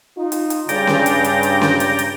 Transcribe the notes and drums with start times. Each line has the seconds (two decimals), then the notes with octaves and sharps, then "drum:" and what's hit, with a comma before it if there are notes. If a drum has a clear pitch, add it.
0.17 D#4 F4
0.32 drum: hi-hat
0.50 drum: hi-hat
0.69 G2 C#3 D5 G5 A#5, drum: hi-hat
0.87 drum: snare C#4
1.06 drum: hi-hat
1.24 drum: hi-hat
1.43 drum: hi-hat
1.62 drum: snare C#4
1.80 drum: hi-hat
1.99 drum: hi-hat